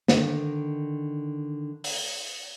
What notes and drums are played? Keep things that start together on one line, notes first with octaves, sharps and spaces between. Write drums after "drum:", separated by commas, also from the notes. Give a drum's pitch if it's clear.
D3 D#3 D#4, drum: snare
drum: open hi-hat